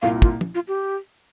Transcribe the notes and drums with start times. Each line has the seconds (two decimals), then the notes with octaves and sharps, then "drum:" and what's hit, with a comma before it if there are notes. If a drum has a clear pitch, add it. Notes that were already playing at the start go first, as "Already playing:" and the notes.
0.02 C2 A#2 A#3 F5
0.22 F4, drum: kick
0.41 drum: tom
0.55 F4
0.68 G4